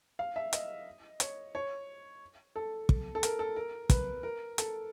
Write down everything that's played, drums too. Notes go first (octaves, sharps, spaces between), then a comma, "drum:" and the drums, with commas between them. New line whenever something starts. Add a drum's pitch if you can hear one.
F5
E5
D#5, drum: hi-hat
C#5, drum: hi-hat
C#5
A4
drum: kick
A4
A#4, drum: hi-hat
A4
A#4
B4, drum: kick, hi-hat
A#4
A4, drum: hi-hat